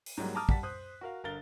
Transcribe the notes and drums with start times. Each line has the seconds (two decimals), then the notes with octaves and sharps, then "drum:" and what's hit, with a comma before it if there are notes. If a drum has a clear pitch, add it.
0.06 drum: open hi-hat
0.17 G#2 F#3 G3 A#3
0.35 A5 A#5 D6 D#6 F6
0.49 G3 F#5 A5 B6, drum: kick
0.63 C5 D#6 F#6
1.01 F#4 A#4 F5
1.24 G1 A#4 F5 A6 G7